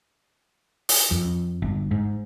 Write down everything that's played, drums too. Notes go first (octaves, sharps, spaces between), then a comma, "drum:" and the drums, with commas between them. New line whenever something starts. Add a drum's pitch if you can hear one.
drum: open hi-hat
F2
G1
G#2